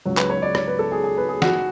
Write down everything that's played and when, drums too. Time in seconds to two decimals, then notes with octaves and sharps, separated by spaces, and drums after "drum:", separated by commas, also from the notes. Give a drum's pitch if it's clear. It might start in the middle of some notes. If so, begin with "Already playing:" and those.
0.05 C#2 C#3 F#3
0.17 B4, drum: clap
0.30 C#5
0.42 D5
0.55 C#5, drum: rim click
0.67 B4
0.79 A4
0.92 G#4
1.04 G#4
1.17 B4
1.29 G#4
1.42 F#4, drum: snare